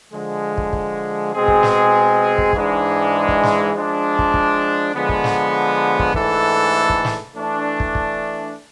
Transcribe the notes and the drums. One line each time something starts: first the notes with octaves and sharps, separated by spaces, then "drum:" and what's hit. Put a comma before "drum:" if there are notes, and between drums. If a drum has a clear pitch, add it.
D3 F3 G#3
drum: kick
drum: kick
B2 G#3 C4 G#4
drum: kick
drum: snare
drum: kick
G#2 E3 G#3 D4, drum: kick
drum: kick
drum: snare
F3 G#3 D4
drum: kick
drum: kick
D3 F3 G#3 B3
drum: kick
drum: snare
drum: kick
G#2 E3 A3 D4 A4, drum: kick
drum: kick
drum: snare
E3 A3 D4
drum: kick
drum: kick